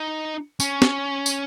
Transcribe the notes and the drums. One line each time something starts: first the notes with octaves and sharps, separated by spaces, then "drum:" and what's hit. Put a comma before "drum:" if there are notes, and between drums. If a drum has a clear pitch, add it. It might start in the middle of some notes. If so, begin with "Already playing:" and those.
Already playing: D#4
C#4, drum: tambourine
drum: snare
drum: tambourine